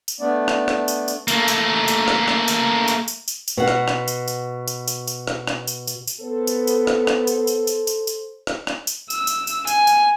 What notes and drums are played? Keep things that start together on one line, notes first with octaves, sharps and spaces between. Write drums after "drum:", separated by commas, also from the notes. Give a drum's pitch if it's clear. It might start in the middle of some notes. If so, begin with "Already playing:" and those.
drum: tambourine
A3 B3 D4 D5
drum: rim click
drum: rim click
drum: tambourine
drum: tambourine
A3 A#3, drum: tambourine
drum: tambourine
drum: tambourine
drum: rim click
drum: rim click
drum: tambourine
drum: tambourine
drum: tambourine
drum: tambourine
drum: tambourine
B2 F#5
drum: rim click
drum: rim click
drum: tambourine
drum: tambourine
drum: tambourine
drum: tambourine
drum: tambourine
drum: rim click
drum: rim click
drum: tambourine
drum: tambourine
drum: tambourine
B3 A4 C5
drum: tambourine
drum: tambourine
drum: rim click
drum: rim click
drum: tambourine
drum: tambourine
drum: tambourine
drum: tambourine
drum: tambourine
drum: rim click
drum: rim click
drum: tambourine
E6, drum: tambourine
drum: tambourine
drum: tambourine
G#5, drum: tambourine
drum: tambourine